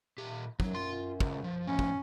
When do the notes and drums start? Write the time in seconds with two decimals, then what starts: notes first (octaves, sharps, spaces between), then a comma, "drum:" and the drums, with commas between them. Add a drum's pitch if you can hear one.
0.18 A#2 G4
0.60 F#2 F#3, drum: kick
0.74 F4 C6
1.20 C#2, drum: kick
1.44 F3
1.68 A2 F3 C#4
1.79 drum: kick